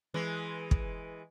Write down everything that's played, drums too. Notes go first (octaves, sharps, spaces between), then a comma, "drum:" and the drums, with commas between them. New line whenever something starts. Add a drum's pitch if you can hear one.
E3 G#3
drum: kick